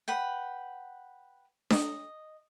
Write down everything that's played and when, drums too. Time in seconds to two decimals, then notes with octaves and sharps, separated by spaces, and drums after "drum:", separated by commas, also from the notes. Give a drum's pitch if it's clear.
0.08 B4 F#5 G5
1.71 D#5, drum: snare D4